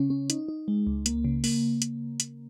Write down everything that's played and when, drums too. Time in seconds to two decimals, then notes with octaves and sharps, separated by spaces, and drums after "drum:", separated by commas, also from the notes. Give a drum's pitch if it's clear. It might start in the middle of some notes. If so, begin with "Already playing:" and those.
Already playing: C#3 C#4
0.10 C#4
0.30 D#4, drum: hi-hat
0.49 D#4
0.68 G#3
0.87 C#2
1.06 A#3, drum: hi-hat
1.24 C#3
1.44 A#3, drum: open hi-hat
1.82 drum: hi-hat
2.20 drum: hi-hat